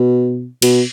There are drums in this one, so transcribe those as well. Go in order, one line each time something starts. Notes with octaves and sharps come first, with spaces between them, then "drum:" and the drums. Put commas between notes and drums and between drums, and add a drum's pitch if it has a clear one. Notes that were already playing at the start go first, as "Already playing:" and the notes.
Already playing: B2
B2, drum: cymbal